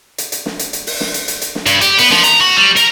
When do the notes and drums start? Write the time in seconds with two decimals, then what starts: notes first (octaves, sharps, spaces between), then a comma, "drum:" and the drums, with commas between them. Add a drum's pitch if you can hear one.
0.18 drum: hi-hat
0.32 drum: hi-hat
0.46 drum: snare
0.59 drum: hi-hat
0.73 drum: hi-hat
0.87 drum: open hi-hat
1.00 drum: snare
1.14 drum: hi-hat
1.28 drum: hi-hat
1.42 drum: hi-hat
1.55 drum: snare
1.66 G2, drum: hi-hat
1.81 G4, drum: hi-hat
1.98 B3, drum: open hi-hat
2.12 F3, drum: snare
2.24 A#5, drum: hi-hat
2.41 F#4
2.57 G3
2.76 A#4, drum: hi-hat